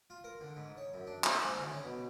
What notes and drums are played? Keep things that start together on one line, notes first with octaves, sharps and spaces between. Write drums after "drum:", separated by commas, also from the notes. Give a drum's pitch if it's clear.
F4
A#4
D3
G#2
C#5
F#2
D4
A3, drum: clap
G#2
D2
C#4
B2